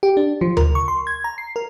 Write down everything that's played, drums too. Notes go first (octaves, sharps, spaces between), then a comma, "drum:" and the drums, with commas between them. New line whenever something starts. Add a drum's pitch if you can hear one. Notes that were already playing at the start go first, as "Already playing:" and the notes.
G4
D4
F3
A#4, drum: tom D2
C#6
C6
G#6
A#5
C7
A#4